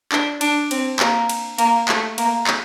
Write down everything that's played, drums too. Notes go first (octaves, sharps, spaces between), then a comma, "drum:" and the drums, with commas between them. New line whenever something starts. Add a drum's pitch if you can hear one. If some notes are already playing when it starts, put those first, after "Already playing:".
D4, drum: clap
D4, drum: cymbal
C4, drum: cymbal
A#3, drum: clap
drum: cymbal
A#3, drum: cymbal
A3, drum: clap
A#3, drum: cymbal
drum: clap